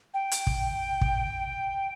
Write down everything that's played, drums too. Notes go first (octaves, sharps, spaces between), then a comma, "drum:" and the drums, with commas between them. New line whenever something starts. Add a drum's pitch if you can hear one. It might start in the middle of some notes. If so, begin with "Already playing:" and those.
G5
drum: hi-hat
drum: kick
drum: kick